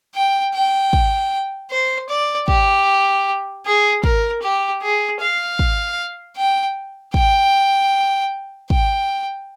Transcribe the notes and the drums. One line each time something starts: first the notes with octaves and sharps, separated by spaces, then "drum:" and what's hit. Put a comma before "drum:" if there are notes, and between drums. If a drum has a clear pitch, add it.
G5
G5
drum: kick
C5
D5
G4, drum: kick
G#4
A#4, drum: kick
G4
G#4
F5
drum: kick
G5
G5, drum: kick
G5, drum: kick